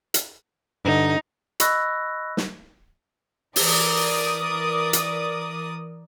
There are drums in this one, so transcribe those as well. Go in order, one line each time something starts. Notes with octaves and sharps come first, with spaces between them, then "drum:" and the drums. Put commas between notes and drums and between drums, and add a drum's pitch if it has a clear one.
drum: hi-hat
G2 D3 D#4
D#5 B5 C#6 E6 F#6 A#6, drum: hi-hat
drum: snare
E3 A#4 D5 D#6, drum: open hi-hat
drum: hi-hat